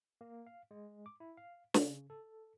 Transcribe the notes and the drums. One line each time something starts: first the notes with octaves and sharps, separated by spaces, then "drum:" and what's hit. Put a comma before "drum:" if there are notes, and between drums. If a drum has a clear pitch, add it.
A#3
F5
G#3
D6
E4
F5
C#3, drum: snare
A4